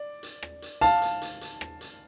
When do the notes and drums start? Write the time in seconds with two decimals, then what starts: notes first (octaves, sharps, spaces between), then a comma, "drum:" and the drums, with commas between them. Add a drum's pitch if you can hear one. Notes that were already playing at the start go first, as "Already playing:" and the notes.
Already playing: D5
0.23 drum: hi-hat
0.43 drum: rim click
0.62 drum: hi-hat
0.81 F5 A5, drum: hi-hat
1.02 drum: hi-hat
1.22 drum: hi-hat
1.41 drum: hi-hat
1.61 drum: rim click
1.81 drum: hi-hat